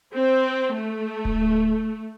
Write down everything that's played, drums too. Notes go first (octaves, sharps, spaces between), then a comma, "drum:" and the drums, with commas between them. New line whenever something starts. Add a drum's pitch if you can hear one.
C4
A3
drum: kick D1